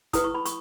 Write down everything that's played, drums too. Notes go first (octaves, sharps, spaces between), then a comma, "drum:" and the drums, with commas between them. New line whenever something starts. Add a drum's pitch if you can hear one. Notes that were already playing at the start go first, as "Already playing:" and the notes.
E4 B4 D#6, drum: kick, hi-hat
C#6
B5
C#6, drum: hi-hat